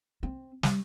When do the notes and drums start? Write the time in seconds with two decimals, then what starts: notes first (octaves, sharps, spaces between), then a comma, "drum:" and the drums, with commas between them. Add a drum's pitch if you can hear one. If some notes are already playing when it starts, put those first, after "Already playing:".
0.23 C4
0.63 G3, drum: snare